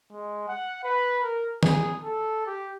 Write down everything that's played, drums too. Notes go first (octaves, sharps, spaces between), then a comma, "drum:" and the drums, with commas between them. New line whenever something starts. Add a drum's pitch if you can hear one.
G#3
F#5
B4
A#4
G#4, drum: tom D#3
A4
G4